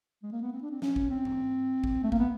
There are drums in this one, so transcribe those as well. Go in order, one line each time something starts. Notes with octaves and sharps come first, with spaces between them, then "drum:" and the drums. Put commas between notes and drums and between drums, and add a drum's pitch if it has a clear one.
G#3
A#3
B3
C4
D4
C4
C#4, drum: snare
drum: kick G#1
C4
drum: tom
drum: kick G#1
A3
A#3, drum: kick G#1
B3